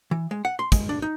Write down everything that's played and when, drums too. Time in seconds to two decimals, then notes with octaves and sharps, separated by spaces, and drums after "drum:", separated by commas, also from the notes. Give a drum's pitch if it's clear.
0.11 E3
0.31 G#3
0.45 F#5
0.59 C6
0.72 G#3, drum: kick, hi-hat
0.89 D4
1.02 D#4